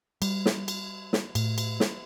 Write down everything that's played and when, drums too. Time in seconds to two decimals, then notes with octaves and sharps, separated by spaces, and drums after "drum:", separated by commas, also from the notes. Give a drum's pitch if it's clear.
0.22 G3, drum: cymbal
0.46 drum: snare
0.68 drum: cymbal
1.13 drum: snare
1.35 A2, drum: cymbal
1.58 drum: cymbal
1.80 drum: snare